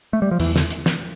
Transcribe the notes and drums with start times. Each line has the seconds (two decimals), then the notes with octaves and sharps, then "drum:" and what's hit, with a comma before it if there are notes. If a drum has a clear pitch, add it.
0.13 A3
0.22 G3
0.31 F3
0.40 E2 E3, drum: open hi-hat
0.56 D3, drum: snare
0.71 drum: hi-hat
0.86 drum: snare